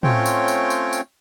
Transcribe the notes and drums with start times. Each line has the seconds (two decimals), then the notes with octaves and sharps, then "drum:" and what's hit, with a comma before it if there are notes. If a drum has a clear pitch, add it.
0.03 A3 C4 C#4 F4 C#5 G5, drum: tom
0.26 drum: tambourine
0.48 drum: tambourine
0.70 drum: tambourine
0.93 drum: tambourine